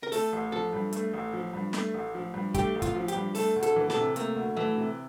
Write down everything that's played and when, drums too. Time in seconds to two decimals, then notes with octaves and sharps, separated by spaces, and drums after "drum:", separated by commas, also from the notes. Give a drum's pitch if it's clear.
0.03 A#4
0.12 A3 A4, drum: open hi-hat
0.33 A1
0.52 F3 A4
0.73 G2
0.93 A3, drum: hi-hat
1.13 A1
1.33 F3
1.54 G2
1.73 A3, drum: snare
1.94 A1
2.15 F3
2.34 G2
2.54 A3 G4, drum: kick, hi-hat
2.75 A1
2.82 F4, drum: kick, hi-hat
2.95 F3
3.08 G4, drum: hi-hat
3.15 G2
3.35 A3 A4, drum: open hi-hat
3.56 D2
3.63 A4, drum: hi-hat
3.76 E3
3.90 A4, drum: snare
3.97 C3
4.16 A3 A#3, drum: hi-hat
4.36 D2
4.57 E3 A3
4.77 C3